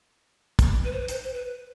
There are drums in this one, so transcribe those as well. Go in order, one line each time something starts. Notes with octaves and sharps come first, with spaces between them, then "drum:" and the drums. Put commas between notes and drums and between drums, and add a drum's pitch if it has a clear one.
drum: kick, hi-hat
B4
C5
B4
C5, drum: hi-hat
C5
B4